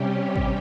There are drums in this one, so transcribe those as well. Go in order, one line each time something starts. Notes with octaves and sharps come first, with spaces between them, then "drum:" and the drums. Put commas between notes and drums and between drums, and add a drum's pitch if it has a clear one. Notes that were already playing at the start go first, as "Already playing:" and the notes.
Already playing: C3 G3 C#4 G4
drum: kick